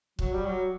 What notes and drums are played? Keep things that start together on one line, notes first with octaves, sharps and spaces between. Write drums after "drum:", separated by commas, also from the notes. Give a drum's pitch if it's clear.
F#3, drum: kick C#1
G3
F#3